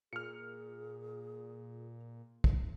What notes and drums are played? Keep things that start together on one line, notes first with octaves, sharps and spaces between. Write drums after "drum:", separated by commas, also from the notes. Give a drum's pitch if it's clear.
A#2 G#4 F6 C#7
drum: kick